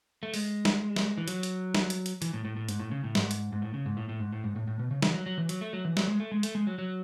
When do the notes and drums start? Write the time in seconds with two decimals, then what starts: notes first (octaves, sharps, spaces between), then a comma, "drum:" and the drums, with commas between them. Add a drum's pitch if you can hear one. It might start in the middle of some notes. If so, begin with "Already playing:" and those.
0.23 A3
0.34 G#3, drum: open hi-hat
0.65 drum: snare
0.96 drum: snare
1.17 E3
1.28 F#3, drum: hi-hat
1.43 drum: hi-hat
1.75 drum: snare
1.90 drum: hi-hat
2.06 drum: hi-hat
2.22 E3, drum: hi-hat
2.33 A2
2.45 A2
2.57 A2
2.69 G#2, drum: hi-hat
2.80 A2
2.91 C#3
3.04 A2
3.15 G#2, drum: snare
3.31 drum: hi-hat
3.52 G#2
3.62 A2
3.74 C#3
3.86 G#2
3.97 A2
4.09 A2
4.20 G#2
4.32 A2
4.44 G#2
4.56 A2
4.67 A2
4.79 B2
4.91 C#3
5.02 E3, drum: snare
5.14 F#3
5.26 F#3
5.38 E3
5.49 F#3, drum: hi-hat
5.61 A3
5.73 F#3
5.85 E3
5.97 F#3, drum: snare
6.07 G#3
6.20 A3
6.32 G#3
6.43 A3, drum: hi-hat
6.55 G#3
6.67 F#3
6.78 F#3